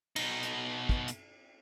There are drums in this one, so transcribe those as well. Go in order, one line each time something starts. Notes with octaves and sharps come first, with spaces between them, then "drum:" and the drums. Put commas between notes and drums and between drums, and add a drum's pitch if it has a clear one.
B2 D#4, drum: cymbal
drum: hi-hat
drum: kick
drum: hi-hat